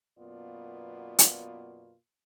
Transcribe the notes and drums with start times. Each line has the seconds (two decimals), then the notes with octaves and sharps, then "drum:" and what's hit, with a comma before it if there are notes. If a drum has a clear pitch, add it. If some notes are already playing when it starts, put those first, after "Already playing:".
0.19 F#2 B2 A#3 B3 F4 D5
1.19 drum: hi-hat